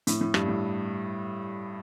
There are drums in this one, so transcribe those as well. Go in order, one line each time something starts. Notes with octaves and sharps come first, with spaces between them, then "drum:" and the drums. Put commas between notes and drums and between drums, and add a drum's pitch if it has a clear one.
A2, drum: hi-hat
A2
G2, drum: rim click
A2